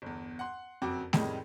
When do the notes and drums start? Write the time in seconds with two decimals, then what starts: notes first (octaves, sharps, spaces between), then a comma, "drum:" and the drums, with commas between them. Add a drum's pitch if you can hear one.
0.02 G1 E2
0.39 F#5 C6
0.82 F#1 F2 C4 F#4 G5 D6
1.13 F2 A2 D#3 G3 G#3 D#4, drum: snare A3